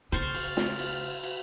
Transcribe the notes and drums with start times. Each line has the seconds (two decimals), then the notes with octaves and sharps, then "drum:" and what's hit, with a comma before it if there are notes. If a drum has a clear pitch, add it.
0.12 C#3 C5 C6 C#6 F6 A6
0.35 drum: cymbal
0.57 drum: snare
0.79 drum: cymbal
1.24 drum: cymbal